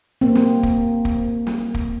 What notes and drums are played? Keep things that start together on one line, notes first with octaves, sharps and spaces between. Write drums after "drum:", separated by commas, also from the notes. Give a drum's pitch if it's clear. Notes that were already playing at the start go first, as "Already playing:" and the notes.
A#3 C4
drum: snare
drum: kick
drum: kick
drum: snare
drum: kick